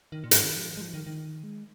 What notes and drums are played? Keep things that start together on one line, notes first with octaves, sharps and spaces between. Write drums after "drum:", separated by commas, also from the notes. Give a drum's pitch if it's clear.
D#3
A#2
G#2, drum: hi-hat
D#3
F3
D#3
G#3
F3
D#3
D#3
G#3